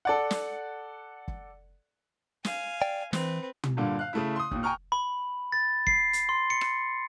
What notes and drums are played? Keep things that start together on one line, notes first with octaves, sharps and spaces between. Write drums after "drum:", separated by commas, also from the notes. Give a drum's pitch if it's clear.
A4 D5 F#5
drum: snare
drum: kick
F5 G#5, drum: snare
D5 G5
E3 C4 B4, drum: snare
drum: tom
G2 A#2 D3 A#3
F5 F#6
C#3 A3 E4
C6 D#6
D#2 A#2, drum: kick
G5 G#5 A#5 C#6 F6
B5
A6
C7, drum: kick
drum: hi-hat
C6
C#7
drum: rim click